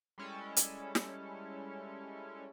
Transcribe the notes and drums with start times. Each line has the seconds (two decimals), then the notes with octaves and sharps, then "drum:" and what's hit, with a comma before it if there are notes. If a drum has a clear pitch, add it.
0.18 G3 G#3 C#4 E4 A4
0.56 drum: hi-hat
0.95 drum: snare